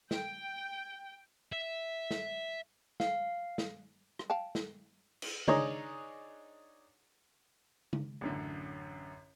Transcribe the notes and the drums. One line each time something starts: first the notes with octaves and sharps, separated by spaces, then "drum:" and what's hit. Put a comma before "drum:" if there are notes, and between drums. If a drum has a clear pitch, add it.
G5, drum: snare
E5
drum: snare
F5, drum: snare
drum: snare
drum: rim click
F5 G5 A5
drum: snare
drum: cymbal
D4 D#4 G#4 C#5 D#5 A#5, drum: tom C#3
drum: tom C#3
A1 F#2 D3